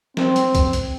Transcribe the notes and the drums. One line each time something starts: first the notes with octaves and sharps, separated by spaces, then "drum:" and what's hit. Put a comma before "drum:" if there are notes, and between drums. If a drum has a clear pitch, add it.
C4, drum: snare
drum: hi-hat
drum: kick B1, hi-hat
drum: hi-hat